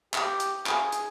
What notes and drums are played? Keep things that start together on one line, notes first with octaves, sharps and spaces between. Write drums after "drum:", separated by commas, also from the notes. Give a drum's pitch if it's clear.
G4, drum: clap
drum: hi-hat
G#4, drum: clap
drum: hi-hat